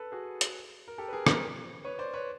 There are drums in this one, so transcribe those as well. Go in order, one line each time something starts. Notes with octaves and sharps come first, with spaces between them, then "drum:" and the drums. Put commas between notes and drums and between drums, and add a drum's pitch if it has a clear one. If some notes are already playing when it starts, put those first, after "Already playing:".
Already playing: A4 B4
F#4 G#4
drum: hi-hat
A#4
G4 A4
B4
G#4 A#4
A#4 C5, drum: rim click
B4 C#5
C5 D5
B4 C#5